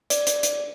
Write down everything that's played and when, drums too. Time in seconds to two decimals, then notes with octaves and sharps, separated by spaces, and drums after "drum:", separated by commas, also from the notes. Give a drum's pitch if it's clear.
0.10 D5, drum: hi-hat
0.27 drum: hi-hat
0.43 drum: hi-hat